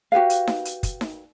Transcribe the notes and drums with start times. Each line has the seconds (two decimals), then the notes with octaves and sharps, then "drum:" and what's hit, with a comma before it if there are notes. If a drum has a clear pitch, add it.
0.12 F#4 G4 B4 F5
0.30 drum: hi-hat
0.47 drum: snare D#4
0.65 drum: hi-hat
0.83 drum: kick, hi-hat
1.01 drum: snare D#4